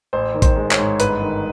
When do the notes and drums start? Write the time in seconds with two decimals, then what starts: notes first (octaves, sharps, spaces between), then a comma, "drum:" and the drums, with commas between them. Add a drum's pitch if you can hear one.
0.13 A1 C5
0.34 D#3
0.42 C5, drum: kick, hi-hat
0.56 G#3
0.71 C#5, drum: clap
0.78 G#2
1.00 G1 B4, drum: hi-hat
1.22 D#3